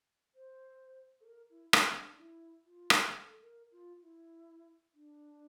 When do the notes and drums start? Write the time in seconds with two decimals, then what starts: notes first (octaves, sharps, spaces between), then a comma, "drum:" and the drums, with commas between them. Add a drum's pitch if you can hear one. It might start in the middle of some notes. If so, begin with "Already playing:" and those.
0.35 C5
1.21 A4
1.26 A#4
1.50 E4
1.73 C4, drum: rim click
1.88 C4
1.96 D4
2.12 D4
2.18 E4
2.65 F4
2.90 drum: rim click
2.99 G4
3.11 A4
3.41 A#4
3.72 F4
4.02 E4
4.94 D4